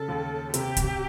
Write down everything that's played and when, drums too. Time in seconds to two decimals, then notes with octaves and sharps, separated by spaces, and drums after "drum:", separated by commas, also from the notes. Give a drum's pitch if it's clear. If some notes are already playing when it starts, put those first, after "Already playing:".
Already playing: C#3 A4
0.08 D#2
0.54 C3 G4, drum: hi-hat
0.77 drum: kick C2, hi-hat